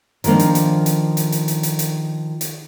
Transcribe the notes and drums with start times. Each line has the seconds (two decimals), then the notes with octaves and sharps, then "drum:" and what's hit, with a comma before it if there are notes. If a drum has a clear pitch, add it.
0.24 D#3 F3 G3 A#3 D4, drum: hi-hat
0.39 drum: hi-hat
0.55 drum: hi-hat
0.86 drum: hi-hat
1.17 drum: hi-hat
1.32 drum: hi-hat
1.48 drum: hi-hat
1.63 drum: hi-hat
1.79 drum: hi-hat
2.41 drum: hi-hat